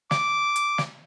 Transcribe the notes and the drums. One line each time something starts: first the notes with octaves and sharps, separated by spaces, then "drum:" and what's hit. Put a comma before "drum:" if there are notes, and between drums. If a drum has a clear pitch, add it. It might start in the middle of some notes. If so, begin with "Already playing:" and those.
D6, drum: snare
drum: hi-hat
drum: snare